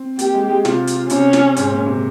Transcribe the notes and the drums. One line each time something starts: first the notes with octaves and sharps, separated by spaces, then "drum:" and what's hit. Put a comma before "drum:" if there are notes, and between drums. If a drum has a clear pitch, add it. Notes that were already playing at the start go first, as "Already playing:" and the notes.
Already playing: C4
A#3 G4, drum: hi-hat
G#3
G#3
C3 F4, drum: snare
drum: hi-hat
C3 C#4, drum: hi-hat
drum: snare
G#2, drum: hi-hat
A#2
C3